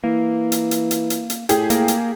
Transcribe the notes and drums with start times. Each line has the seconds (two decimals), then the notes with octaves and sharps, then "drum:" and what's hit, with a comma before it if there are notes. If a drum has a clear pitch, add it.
0.04 E3 A#3
0.52 drum: hi-hat
0.71 drum: hi-hat
0.91 drum: hi-hat
1.10 drum: hi-hat
1.30 drum: hi-hat
1.49 A2 G4 G#4, drum: hi-hat
1.70 A#3, drum: hi-hat
1.88 drum: hi-hat